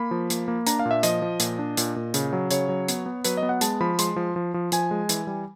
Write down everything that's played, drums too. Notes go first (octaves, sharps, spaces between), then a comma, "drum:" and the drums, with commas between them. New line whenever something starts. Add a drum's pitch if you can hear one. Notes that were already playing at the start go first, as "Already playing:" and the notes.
Already playing: A#3 B5
F3
A#3, drum: hi-hat
A#3
D4 A#5, drum: hi-hat
F5
A#2
E5
F3 D#5, drum: hi-hat
F3
A#2, drum: hi-hat
D4
A#2, drum: hi-hat
A#2
C#3, drum: hi-hat
F#3
C#3 C#5, drum: hi-hat
F#3
B3, drum: hi-hat
B3
F#3 B4, drum: hi-hat
D#5
B3
F#5
G#3 A5, drum: hi-hat
F3 B5
G#3 C6, drum: hi-hat
F3
F3
F3
F3 G#5, drum: hi-hat
G#3
E3, drum: hi-hat
G3